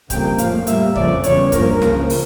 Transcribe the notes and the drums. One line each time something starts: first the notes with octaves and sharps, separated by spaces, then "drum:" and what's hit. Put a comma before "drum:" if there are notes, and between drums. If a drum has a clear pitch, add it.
F2 C#3 G3 A#3 G5, drum: kick, hi-hat
A2 F3 A3 F5, drum: hi-hat
A2 G3 A#3 E5, drum: hi-hat
F2 C#3 F3 C#4 D5, drum: kick
E2 C#3 G3 C#5, drum: hi-hat
G2 F3 A#3 C#4 A#4, drum: kick, hi-hat
C#2 C#3 F3 A#3, drum: snare
drum: open hi-hat